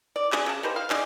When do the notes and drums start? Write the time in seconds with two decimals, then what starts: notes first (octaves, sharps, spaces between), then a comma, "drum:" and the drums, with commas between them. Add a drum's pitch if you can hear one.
0.16 D5
0.32 G#4, drum: clap
0.46 C#3 A5
0.63 D#3 G4 B4 C5
0.76 F5
0.90 D#4 G4 G#4 D5, drum: clap